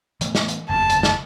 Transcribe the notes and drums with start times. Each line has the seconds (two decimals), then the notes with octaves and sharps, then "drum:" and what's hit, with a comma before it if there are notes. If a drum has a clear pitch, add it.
0.21 E3 A3 B3, drum: hi-hat
0.35 drum: snare
0.48 drum: hi-hat
0.69 F#1 E2 G2 A5
0.90 drum: hi-hat
1.03 drum: snare